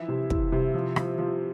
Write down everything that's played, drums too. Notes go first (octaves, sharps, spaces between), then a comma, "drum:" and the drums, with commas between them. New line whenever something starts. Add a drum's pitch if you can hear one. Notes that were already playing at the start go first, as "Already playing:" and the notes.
Already playing: E3 F3 E4 E5
C3
E3, drum: kick
C3
F3
F3, drum: rim click
F3